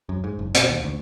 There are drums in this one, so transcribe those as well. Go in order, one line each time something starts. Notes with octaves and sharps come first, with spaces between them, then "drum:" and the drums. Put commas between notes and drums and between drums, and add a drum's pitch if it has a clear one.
F#2
G#2
F#1
B2, drum: hi-hat
D#2
D2